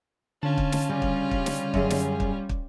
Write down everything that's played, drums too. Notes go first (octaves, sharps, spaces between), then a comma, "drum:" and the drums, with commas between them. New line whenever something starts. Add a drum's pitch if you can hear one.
D3 C#4 F4 A5
drum: kick
drum: snare
C#3 G3
drum: kick
drum: kick
drum: snare
F#2 G#4, drum: kick
drum: snare
drum: kick
drum: kick